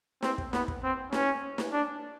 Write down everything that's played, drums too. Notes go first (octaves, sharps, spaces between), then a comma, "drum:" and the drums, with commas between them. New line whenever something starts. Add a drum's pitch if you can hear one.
C4, drum: snare
drum: kick
B3, drum: snare
drum: kick
C4
C#4, drum: snare
drum: snare
D4